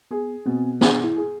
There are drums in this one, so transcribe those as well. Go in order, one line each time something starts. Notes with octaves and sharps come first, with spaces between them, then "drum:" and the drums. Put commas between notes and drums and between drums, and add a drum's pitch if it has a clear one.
B3 G#4
B2 C4
D4 G#4, drum: snare
E4
G#4